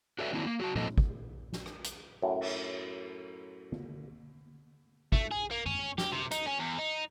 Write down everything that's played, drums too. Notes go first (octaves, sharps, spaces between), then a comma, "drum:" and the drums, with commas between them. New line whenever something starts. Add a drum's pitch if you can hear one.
F#4 A4 B4 C#5 D5 E5
D#3 F#3 A#3 C4 D4 E4
A#3
F#3 F#4 A5
F3 A#3 A4 C5 D#5, drum: tom A#2
drum: kick
drum: snare
drum: rim click
drum: hi-hat
F#2 A2
drum: cymbal
drum: tom
A3, drum: kick
G#4
A#3
C#4, drum: tom F#2
G4, drum: snare
C3
D#4, drum: hi-hat
C#4
E2
D#4